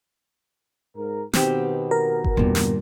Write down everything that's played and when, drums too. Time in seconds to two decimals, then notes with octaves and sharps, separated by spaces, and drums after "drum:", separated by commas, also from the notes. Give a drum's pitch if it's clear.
0.96 G#2 A#4
1.33 B2 D#3 B3 C4 G4, drum: snare
1.91 A#4
2.24 drum: kick G1
2.37 E2 G2 A#2 D3
2.55 drum: snare